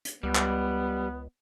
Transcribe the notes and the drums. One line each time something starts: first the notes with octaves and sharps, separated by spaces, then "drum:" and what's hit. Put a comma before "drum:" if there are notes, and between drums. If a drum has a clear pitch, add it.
drum: hi-hat
C#2 G3 B3
drum: clap